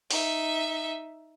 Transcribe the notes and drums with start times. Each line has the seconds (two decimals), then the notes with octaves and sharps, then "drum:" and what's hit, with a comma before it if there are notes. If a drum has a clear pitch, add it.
0.11 D#4 E5, drum: open hi-hat